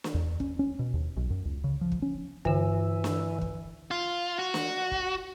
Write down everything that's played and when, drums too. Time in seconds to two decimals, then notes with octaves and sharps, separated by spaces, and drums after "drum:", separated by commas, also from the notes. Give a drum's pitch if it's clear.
0.04 drum: snare
0.14 E2
0.40 C#4, drum: kick
0.59 C#4
0.79 B2
0.94 D#2
1.17 B1
1.30 F#2
1.45 C#2
1.64 C#3
1.81 F3
1.92 drum: kick
2.02 C#4
2.45 G2 D3 E3, drum: kick
3.04 drum: snare
3.41 drum: kick
3.91 F4
4.39 F#4
4.54 drum: snare
4.91 drum: kick